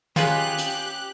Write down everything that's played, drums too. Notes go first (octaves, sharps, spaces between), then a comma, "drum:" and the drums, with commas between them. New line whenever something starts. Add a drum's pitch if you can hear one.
D#3 C#4 F4 G4 G#4 B4 F#6, drum: hi-hat
drum: hi-hat